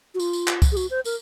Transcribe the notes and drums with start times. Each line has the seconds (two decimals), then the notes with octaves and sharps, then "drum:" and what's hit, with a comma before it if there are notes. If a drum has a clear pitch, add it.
0.15 F#4
0.20 F4, drum: tambourine
0.33 drum: tambourine
0.48 drum: clap
0.62 drum: kick C2, tambourine
0.72 G#4
0.77 F#4, drum: tambourine
0.90 C5
1.05 A#4, drum: tambourine